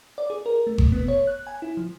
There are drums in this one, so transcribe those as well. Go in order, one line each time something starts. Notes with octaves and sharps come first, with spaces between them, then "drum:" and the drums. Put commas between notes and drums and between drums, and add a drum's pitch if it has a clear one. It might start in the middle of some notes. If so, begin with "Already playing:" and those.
D5
G#4
A#4
A3
drum: kick G1
B3
C#5
F#6
G#5
E4
F3